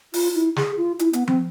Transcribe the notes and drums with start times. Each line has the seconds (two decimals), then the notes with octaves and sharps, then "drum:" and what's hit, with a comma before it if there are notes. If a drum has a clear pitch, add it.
0.14 F4, drum: open hi-hat
0.35 E4
0.56 G#4, drum: snare
0.77 F4
0.99 E4, drum: hi-hat
1.13 B3, drum: hi-hat
1.28 C4, drum: tom F3